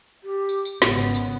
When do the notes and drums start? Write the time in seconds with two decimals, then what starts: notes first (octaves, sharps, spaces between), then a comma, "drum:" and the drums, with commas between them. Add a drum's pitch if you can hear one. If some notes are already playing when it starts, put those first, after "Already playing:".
0.24 G4
0.49 drum: tambourine
0.65 drum: tambourine
0.82 G#1 G#2 C#3 B3, drum: snare
0.98 drum: tambourine
1.15 drum: tambourine